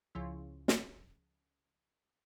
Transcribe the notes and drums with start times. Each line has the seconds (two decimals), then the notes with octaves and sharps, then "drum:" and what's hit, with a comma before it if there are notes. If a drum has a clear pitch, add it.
0.15 C#2 C#3 F3 E4
0.68 drum: snare